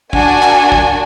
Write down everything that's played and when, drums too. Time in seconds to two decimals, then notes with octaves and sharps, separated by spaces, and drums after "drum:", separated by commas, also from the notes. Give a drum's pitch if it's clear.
0.13 A#3 D4 F#4 G#5, drum: kick
0.42 drum: clap
0.72 drum: kick